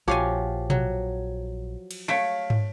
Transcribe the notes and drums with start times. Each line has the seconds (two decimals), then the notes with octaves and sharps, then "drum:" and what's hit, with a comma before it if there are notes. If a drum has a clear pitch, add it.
0.08 A#1 F3 F#4 G4 C#5 F5 G#5
0.70 F#3, drum: tom B2
1.91 drum: cymbal
2.08 A3 C#5 F5 B6 D7
2.50 drum: tom